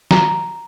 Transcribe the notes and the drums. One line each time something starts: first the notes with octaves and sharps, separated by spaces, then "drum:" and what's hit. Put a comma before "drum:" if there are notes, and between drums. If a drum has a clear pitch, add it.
A#5, drum: snare